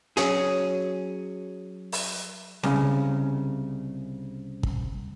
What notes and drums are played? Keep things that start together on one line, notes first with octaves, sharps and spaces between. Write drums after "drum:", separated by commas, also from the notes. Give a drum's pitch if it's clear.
F#3 C#4 G#4, drum: hi-hat
drum: open hi-hat
C2 C#3, drum: snare C4
drum: kick